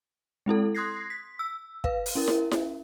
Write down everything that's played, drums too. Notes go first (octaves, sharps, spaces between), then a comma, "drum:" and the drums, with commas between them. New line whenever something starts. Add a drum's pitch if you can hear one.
G#3 C4 E4 A4
C6 D#6 F#6 G#6 A#6 C7
B6
E6
B4 F5, drum: kick
drum: open hi-hat
C#4 E4 A#4
drum: snare E4
drum: snare E4